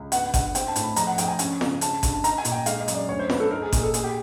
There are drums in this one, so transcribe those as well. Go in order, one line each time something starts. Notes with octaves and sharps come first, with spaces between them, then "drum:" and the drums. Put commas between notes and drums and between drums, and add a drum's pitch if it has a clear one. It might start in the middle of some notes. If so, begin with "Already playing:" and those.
Already playing: C#2
B3 F#5, drum: hi-hat
G2 F#5, drum: kick G#1, hi-hat
C4 G5, drum: hi-hat
A5
A2, drum: hi-hat
B5
F2 A#5, drum: hi-hat
F#5
F2 G5, drum: hi-hat
G#5
C#4 G#5, drum: hi-hat
C#3, drum: snare F4
C#4 A5, drum: hi-hat
G2, drum: kick G#1, hi-hat
A5
D#4 A#5, drum: hi-hat
G#5
A#2, drum: hi-hat
G5
G#3 F5, drum: hi-hat
D#5
F#2, drum: hi-hat
D5
D2 C#5
C5
D2 B4, drum: snare F4
A4
D#4 A#4
G#4
A#2 G#4, drum: kick G#1, hi-hat
A4
A#3 G#4, drum: hi-hat
G4